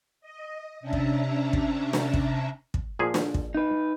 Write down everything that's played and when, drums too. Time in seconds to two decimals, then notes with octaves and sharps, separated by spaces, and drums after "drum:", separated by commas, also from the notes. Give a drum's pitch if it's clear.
0.21 D#5
0.80 C3 C#4 D4 E5 A5 A#5
0.93 drum: kick
1.53 drum: kick
1.93 drum: snare
2.14 drum: kick
2.74 drum: kick
2.99 A#2 F3 G#4
3.14 drum: snare
3.34 drum: kick
3.55 D#4 B4